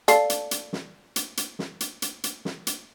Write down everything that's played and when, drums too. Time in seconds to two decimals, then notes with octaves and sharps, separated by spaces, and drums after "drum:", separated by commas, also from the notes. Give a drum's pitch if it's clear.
0.08 A4 D5 F5 C7, drum: hi-hat
0.30 drum: hi-hat
0.51 drum: hi-hat
0.73 drum: snare
1.16 drum: hi-hat
1.37 drum: hi-hat
1.59 drum: snare
1.80 drum: hi-hat
2.02 drum: hi-hat
2.24 drum: hi-hat
2.45 drum: snare
2.67 drum: hi-hat